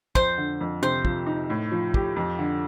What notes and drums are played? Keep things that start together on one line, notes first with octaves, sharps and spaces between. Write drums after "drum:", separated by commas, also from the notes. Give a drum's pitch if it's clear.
F2 C5, drum: kick
D3
F2
C3 C5
F3, drum: kick
D#4
A2
F3
G4, drum: kick
F2
D3